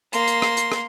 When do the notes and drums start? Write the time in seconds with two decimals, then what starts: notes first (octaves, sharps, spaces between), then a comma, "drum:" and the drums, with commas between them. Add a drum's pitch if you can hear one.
0.13 A#3 C6, drum: hi-hat
0.28 drum: hi-hat
0.42 drum: rim click
0.57 drum: hi-hat
0.72 drum: rim click